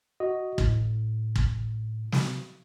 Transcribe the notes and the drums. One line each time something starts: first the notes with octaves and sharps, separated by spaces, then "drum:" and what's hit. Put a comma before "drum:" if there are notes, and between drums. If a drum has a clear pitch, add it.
F#4 D#5
A2, drum: kick
drum: kick
drum: snare